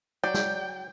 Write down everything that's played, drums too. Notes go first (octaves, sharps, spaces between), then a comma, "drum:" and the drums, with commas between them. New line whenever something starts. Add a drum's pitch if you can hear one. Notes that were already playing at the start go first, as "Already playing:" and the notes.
F#3 D5 G5 G6
drum: snare